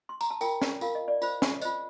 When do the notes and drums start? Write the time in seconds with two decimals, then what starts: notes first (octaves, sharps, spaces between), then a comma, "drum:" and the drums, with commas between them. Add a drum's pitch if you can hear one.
0.09 C6
0.21 A#5, drum: tambourine
0.30 A5
0.41 F4 A#4 G5, drum: tambourine
0.62 drum: snare
0.81 F4 A#4 F5, drum: tambourine
0.95 D#5
1.08 D5
1.22 F4 C5, drum: tambourine
1.42 drum: snare
1.61 F4 C5 D#5, drum: tambourine